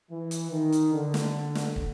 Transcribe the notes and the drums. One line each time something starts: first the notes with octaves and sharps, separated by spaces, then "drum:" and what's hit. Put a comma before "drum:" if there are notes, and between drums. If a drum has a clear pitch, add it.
E3
drum: hi-hat
D#3
drum: hi-hat
D3
drum: snare
drum: snare
drum: kick